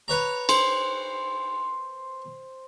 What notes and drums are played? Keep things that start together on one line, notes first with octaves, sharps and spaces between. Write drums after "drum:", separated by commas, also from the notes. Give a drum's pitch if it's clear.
B4 C#5 A#5
C5, drum: cymbal